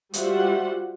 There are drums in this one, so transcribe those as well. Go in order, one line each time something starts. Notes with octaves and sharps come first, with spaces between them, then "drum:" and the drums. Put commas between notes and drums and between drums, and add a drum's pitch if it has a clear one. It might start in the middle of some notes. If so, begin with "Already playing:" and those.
G3 F4 F#4 C5 E5 F#5, drum: hi-hat